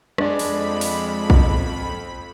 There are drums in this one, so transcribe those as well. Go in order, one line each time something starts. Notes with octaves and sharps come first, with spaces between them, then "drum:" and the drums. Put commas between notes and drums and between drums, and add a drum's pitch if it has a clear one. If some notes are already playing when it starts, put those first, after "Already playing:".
F2 G#3 D4 D5 B5, drum: rim click
drum: open hi-hat
drum: open hi-hat
drum: kick A#1